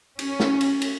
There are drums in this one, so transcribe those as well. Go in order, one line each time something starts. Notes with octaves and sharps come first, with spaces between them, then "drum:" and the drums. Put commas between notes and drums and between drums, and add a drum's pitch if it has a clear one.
C#4, drum: cymbal
drum: snare
drum: cymbal
drum: cymbal